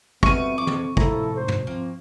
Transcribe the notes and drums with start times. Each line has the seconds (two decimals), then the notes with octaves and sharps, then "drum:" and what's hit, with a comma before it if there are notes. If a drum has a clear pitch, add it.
0.23 B2 G3 A3 B3 C4 C#6 F6 D#7, drum: kick
0.58 F2 D6
0.67 drum: tom
0.97 C2 A2 F3 E4 A4 A#5, drum: kick
1.36 G#1 C5
1.48 drum: tom
1.67 F3 A#3 C4